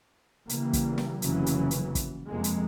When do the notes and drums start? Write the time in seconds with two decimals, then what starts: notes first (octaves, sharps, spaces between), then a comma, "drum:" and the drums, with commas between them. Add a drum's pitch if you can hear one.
0.49 C#3 E3 G3 A#3, drum: hi-hat
0.73 drum: kick, hi-hat
0.98 drum: snare
1.22 F1 C#3 E3 F#3 A#3 C#4, drum: hi-hat
1.46 drum: hi-hat
1.71 drum: hi-hat
1.95 drum: kick, hi-hat
2.28 F2 C3 G#3 A#3
2.44 drum: hi-hat